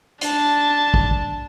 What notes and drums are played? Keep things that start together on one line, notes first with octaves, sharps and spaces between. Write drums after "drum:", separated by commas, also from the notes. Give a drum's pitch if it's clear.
D4 A5, drum: hi-hat
drum: kick